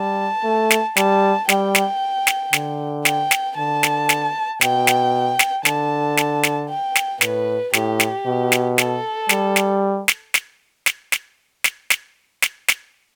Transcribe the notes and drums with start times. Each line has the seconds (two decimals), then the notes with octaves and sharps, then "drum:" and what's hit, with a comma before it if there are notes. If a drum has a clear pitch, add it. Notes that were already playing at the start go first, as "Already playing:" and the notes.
Already playing: G3 A5
0.44 A3
0.70 drum: snare
0.96 G3 A5, drum: snare
1.49 G3 G5, drum: snare
1.75 drum: snare
2.27 drum: snare
2.53 D3, drum: snare
3.05 G5, drum: snare
3.31 drum: snare
3.57 D3 A5
3.83 drum: snare
4.09 drum: snare
4.61 B2 G5, drum: snare
4.87 drum: snare
5.39 drum: snare
5.65 D3 A5, drum: snare
6.17 drum: snare
6.43 drum: snare
6.69 G5
6.95 drum: snare
7.21 A2 B4, drum: snare
7.73 A2 G4, drum: snare
8.00 drum: snare
8.26 B2
8.52 drum: snare
8.78 A4, drum: snare
9.29 G3, drum: snare
9.56 drum: snare
10.08 drum: snare
10.34 drum: snare
10.86 drum: snare
11.12 drum: snare
11.64 drum: snare
11.90 drum: snare
12.42 drum: snare
12.68 drum: snare